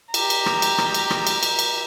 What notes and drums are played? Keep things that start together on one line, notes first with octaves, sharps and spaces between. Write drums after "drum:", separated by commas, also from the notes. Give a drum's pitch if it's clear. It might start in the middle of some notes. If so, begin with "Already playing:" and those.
G4 A#5, drum: cymbal
drum: cymbal
drum: rim click
drum: cymbal
drum: rim click
drum: cymbal
drum: rim click
drum: cymbal
drum: cymbal
drum: cymbal